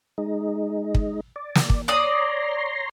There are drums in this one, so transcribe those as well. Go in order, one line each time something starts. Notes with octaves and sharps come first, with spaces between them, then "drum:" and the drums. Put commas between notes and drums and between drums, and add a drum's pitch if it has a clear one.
G#3 D#4
drum: kick
D5
drum: snare
drum: kick
C#5 D5 A#5 C6 D#6